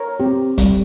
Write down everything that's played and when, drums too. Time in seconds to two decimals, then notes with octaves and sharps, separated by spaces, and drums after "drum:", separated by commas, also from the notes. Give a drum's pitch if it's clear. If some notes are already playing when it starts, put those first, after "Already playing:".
Already playing: A#4 C#5
0.20 C4 G4
0.58 G3, drum: kick, hi-hat